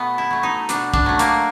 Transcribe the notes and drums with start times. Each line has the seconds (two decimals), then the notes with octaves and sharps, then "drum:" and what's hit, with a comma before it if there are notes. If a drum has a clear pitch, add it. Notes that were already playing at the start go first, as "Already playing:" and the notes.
Already playing: B2 A3 B3
0.18 E4
0.31 F#3 A3
0.43 D#4
0.69 B2 D4, drum: hi-hat
0.94 D4, drum: kick
1.06 F#3 A3
1.19 A#3, drum: hi-hat